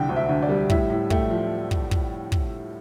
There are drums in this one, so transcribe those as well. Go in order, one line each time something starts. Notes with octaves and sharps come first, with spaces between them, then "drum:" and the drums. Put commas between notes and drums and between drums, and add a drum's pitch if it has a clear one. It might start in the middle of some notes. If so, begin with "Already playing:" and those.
Already playing: C2 D3 G5
D2
E5
D2
D5
G3
A2 E5, drum: kick
A2
A3 G5, drum: kick
F3
drum: kick
drum: kick
drum: kick